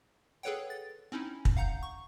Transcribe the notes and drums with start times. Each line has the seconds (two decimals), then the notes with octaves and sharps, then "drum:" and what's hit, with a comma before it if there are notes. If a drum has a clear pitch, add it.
0.43 G#4 A4 B4 C#5 F#5 G5
0.70 A6
1.12 C4 C#4 D#4 E4
1.45 drum: kick
1.57 F5 F#5 A#5 G6
1.83 C#6